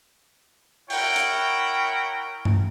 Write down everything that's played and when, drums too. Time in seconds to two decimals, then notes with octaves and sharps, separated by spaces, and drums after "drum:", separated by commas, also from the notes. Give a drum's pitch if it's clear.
0.90 E4 A#4 C#5 F#5 G5, drum: open hi-hat
1.16 drum: hi-hat
2.45 drum: tom G2